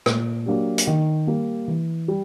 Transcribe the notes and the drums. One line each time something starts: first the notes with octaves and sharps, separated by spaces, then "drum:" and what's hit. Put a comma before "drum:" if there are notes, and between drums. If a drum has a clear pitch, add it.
A#2, drum: rim click
F#3 A#3 D4 G4
drum: hi-hat
D#3
G3 A#3
E3
G3